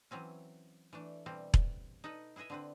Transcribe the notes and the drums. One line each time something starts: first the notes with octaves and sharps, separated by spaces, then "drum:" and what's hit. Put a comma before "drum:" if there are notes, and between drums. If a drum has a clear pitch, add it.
E3 F#3 C4 C#4
E3 A3 D4
B2 E3 G3 C4
drum: kick E1
D#4 A4 B4
E4 G#4 B4 D#5 E5
D3 C4 B4